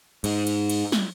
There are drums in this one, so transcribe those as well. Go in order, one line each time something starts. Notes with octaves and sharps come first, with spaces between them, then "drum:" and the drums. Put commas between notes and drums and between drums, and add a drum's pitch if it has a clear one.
G#2, drum: cymbal
drum: cymbal
drum: cymbal
drum: snare